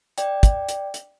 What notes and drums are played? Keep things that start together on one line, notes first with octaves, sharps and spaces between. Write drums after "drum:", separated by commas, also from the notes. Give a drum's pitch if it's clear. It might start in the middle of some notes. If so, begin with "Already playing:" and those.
D5 G5, drum: hi-hat
drum: kick, hi-hat
drum: hi-hat
drum: hi-hat